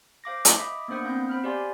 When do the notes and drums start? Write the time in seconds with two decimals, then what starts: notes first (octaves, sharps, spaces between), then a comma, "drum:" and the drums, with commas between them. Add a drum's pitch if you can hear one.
0.24 C5 F5 D6 A#6
0.45 drum: hi-hat
0.57 D#5 E5 B5 D6 D#6
0.88 A#3 B3 D4 C5 F#5 D#6
1.05 B3 C4 F5 F#5 B5 G6
1.29 C5 B5 F6
1.44 G4 C5 D5 F5 G#5 C6